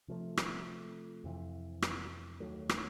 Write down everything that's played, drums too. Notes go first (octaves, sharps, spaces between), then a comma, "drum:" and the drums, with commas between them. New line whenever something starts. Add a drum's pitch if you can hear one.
C3 F3 A3
drum: rim click
F2 C3 E3
drum: rim click
D#2 D#3 F#3 A3
drum: rim click